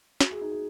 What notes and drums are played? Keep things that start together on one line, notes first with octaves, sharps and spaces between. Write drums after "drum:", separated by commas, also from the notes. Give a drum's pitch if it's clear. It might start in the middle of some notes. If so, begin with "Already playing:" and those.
F#4, drum: snare
G#4
D#4
G#4